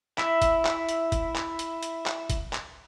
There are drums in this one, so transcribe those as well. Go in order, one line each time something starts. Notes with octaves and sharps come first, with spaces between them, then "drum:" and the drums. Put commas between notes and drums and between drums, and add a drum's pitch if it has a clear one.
E4 E5, drum: clap
drum: kick, hi-hat
drum: clap
drum: hi-hat
drum: kick, hi-hat
drum: clap
drum: hi-hat
drum: hi-hat
drum: clap
drum: kick, hi-hat
drum: clap